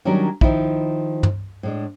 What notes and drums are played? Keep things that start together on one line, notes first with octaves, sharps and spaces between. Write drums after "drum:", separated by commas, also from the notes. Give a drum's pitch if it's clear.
D#3 F#3 G3 C#4 D4 A#4
D#3 F3 D#4 E4, drum: kick
drum: tom G2
A2 G#3 D4